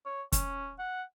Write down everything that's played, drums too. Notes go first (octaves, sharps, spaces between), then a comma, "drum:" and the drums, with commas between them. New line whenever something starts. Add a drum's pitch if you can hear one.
C#5
C#4, drum: kick, hi-hat
F#5